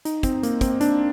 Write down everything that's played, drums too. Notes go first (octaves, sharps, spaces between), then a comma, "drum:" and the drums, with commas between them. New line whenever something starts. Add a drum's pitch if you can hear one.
D#4, drum: hi-hat
C4, drum: kick, hi-hat
A#3, drum: hi-hat
C4, drum: kick, hi-hat
D4, drum: hi-hat